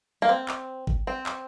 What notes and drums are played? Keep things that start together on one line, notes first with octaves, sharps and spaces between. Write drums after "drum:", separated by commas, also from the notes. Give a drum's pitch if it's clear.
A#3
C4
drum: clap
drum: kick G#1
C4
drum: clap